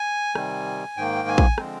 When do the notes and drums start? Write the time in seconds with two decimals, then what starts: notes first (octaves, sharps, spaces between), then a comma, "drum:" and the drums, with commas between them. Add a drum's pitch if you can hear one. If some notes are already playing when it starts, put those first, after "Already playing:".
Already playing: G#5
0.35 C3 D#3 G3, drum: rim click
0.97 G#2 D#3 A#3 G5
1.28 G#5
1.38 drum: kick
1.58 D3 F3 G#3 C4, drum: rim click